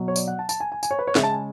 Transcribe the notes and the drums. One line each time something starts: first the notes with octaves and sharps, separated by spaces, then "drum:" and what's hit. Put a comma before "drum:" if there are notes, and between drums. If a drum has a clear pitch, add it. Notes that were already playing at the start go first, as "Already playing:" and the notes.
Already playing: B2 F#3
C#5
D5, drum: tambourine
F#5
A5
A5, drum: tambourine
G#5
G#5
G#5, drum: tambourine
C#5
B4
C#5
C#3 G#3 E5, drum: snare
A5
G#5